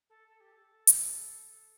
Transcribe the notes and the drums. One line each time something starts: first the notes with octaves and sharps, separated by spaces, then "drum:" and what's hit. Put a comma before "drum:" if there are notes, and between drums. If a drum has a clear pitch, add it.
A4
A4
G4
A4
drum: hi-hat